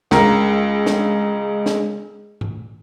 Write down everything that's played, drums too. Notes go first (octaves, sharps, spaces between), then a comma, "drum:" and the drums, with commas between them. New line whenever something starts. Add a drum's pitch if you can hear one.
C#2 G#3 A#4, drum: snare
drum: snare
drum: snare
drum: tom G#2